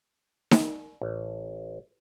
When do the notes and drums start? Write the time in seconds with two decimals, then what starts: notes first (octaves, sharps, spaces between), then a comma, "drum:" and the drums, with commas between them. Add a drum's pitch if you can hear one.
0.51 drum: snare D#4
1.02 A1